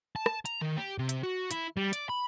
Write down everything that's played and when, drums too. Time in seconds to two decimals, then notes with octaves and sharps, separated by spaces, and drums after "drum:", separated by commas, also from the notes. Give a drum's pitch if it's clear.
0.16 A5
0.26 drum: rim click
0.46 A#5, drum: hi-hat
0.62 D#3
0.77 G4
0.99 C3
1.09 drum: hi-hat
1.23 F#4
1.51 E4, drum: hi-hat
1.77 G3
1.93 D5, drum: hi-hat
2.10 B5